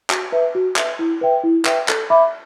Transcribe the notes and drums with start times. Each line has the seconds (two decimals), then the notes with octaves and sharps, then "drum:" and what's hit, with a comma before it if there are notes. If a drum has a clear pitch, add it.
0.10 F#4, drum: clap
0.32 B4 E5
0.55 F#4
0.76 B4 E5, drum: clap
0.99 E4
1.21 B4 E5 G5
1.44 E4
1.65 B4 E5 G5, drum: clap
1.88 A4, drum: clap
2.10 E5 B5 D6